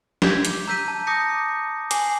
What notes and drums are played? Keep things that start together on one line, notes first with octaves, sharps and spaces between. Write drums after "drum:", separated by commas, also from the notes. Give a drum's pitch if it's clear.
D6 G6 G#6 B6, drum: snare
drum: hi-hat
A#5 E6 G6 B6 D#7
A5
D6 D#6 G6 A#6 C#7
G#5 D6 C7 F#7, drum: hi-hat